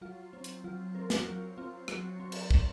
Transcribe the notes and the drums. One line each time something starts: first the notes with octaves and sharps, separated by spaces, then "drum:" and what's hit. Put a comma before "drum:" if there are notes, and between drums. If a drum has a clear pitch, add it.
F#3 F4
C4
drum: hi-hat
F#3 F4
C4 A#4
F#4, drum: snare
F#3 F4
C4 F4
F#3 F#4, drum: rim click
C4
drum: cymbal
C4, drum: kick